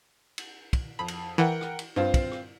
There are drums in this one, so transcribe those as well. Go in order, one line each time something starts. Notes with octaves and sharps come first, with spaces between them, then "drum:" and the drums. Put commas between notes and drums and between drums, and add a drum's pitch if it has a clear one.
drum: cymbal
drum: kick, cymbal
F2 B5
drum: cymbal
E3 A#4 F#5 G5
drum: rim click
drum: cymbal
G2 C4 F4
drum: kick, cymbal
drum: rim click